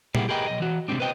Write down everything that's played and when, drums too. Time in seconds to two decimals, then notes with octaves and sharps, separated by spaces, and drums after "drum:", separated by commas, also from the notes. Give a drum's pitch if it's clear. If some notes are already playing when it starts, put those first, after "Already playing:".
0.15 G3 A#3 B3 E4 G4 G#4, drum: tom
0.29 G4 G#4 A#4 B4 D#5 G5
0.46 B1 D#5
0.60 E3 F#4
0.88 C3 G3 G#3 C4 D4
1.00 B4 C5 D#5 G5